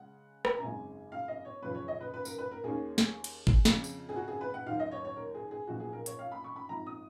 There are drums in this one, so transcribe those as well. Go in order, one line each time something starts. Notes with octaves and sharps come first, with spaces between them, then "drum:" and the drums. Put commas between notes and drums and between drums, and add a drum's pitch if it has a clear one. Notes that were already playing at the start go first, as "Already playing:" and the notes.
Already playing: C#3 G#3 F#5
drum: rim click
A#5
G#1 F#2 C#3 G#3 G#5
F5
D#5
C#5
F#2 C#3 F3 B4
C#5
D#5
B4
B4
A#4, drum: tambourine
B4
A#4
D#2 D#3 A#3 C#4 G#4
drum: snare
drum: cymbal
drum: kick G#1
F2 C#3 F3 B3, drum: snare
drum: tambourine
G#4
F#4
G#4
B4
F#5
D#2 D#3 F#3 F5
D#5
C#5
C#5
A#4
G#4
G#4
B1 A#2 F3 B3 F#4
G#4
A#4
C#5, drum: hi-hat
F5
B5
C#6
B5
G#1 G#2 F3 A#5
D#6